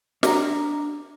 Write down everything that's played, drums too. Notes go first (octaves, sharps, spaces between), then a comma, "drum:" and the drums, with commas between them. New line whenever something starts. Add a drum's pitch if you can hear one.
D4 A#5, drum: snare